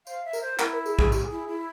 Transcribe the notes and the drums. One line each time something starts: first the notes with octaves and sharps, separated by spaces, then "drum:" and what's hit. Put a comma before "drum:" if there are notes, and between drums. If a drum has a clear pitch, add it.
C5 F5, drum: tambourine
E5
A#4, drum: tambourine
C5
E4 A#4, drum: clap
A#4
G#4, drum: tambourine
G#4, drum: kick
G4, drum: tambourine
G#4
E4
E4